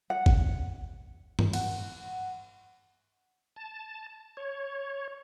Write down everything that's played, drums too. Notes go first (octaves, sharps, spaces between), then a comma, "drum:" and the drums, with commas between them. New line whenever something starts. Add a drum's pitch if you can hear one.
F#5
drum: kick G#1
drum: tom G2
F#5, drum: cymbal
A5
C#5